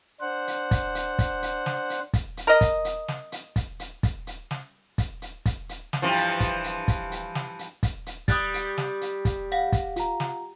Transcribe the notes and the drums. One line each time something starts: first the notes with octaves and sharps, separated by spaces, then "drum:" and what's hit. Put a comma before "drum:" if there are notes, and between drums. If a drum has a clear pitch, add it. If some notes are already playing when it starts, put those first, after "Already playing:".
D4 C5 F#5
drum: hi-hat
drum: kick, hi-hat
drum: hi-hat
drum: kick, hi-hat
drum: hi-hat
drum: snare
drum: hi-hat
drum: kick, hi-hat
drum: hi-hat
A#4 D#5
drum: kick, hi-hat
drum: hi-hat
drum: snare
drum: hi-hat
drum: kick, hi-hat
drum: hi-hat
drum: kick, hi-hat
drum: hi-hat
drum: snare
drum: kick, hi-hat
drum: hi-hat
drum: kick, hi-hat
drum: hi-hat
drum: snare
G2 E3 F3
drum: hi-hat
drum: kick, hi-hat
drum: hi-hat
drum: kick, hi-hat
drum: hi-hat
drum: snare
drum: hi-hat
drum: kick, hi-hat
drum: hi-hat
G3 D#6 F#6 A6, drum: kick, hi-hat
drum: hi-hat
drum: snare
drum: hi-hat
drum: kick, hi-hat
F5 F#5
drum: kick, hi-hat
F4 A#5, drum: hi-hat
drum: snare